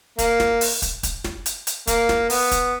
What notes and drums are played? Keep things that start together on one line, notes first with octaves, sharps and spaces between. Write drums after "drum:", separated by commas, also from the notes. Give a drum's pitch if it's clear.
A#3, drum: kick, hi-hat
drum: snare
drum: open hi-hat
drum: kick, hi-hat
drum: kick, hi-hat
drum: snare
drum: hi-hat
drum: hi-hat
A#3, drum: kick, hi-hat
drum: snare
B3, drum: open hi-hat
drum: kick, hi-hat